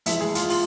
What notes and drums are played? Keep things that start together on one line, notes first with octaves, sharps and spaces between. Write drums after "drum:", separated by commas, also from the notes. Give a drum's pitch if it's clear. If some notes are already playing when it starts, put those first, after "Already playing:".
F2 E3 G#3 E5, drum: hi-hat
G#4
F4, drum: hi-hat
F4, drum: open hi-hat